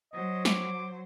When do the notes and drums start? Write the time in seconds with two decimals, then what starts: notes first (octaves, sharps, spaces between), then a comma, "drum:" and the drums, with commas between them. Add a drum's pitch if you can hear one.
0.13 F#3 C5 D#5
0.45 D6, drum: snare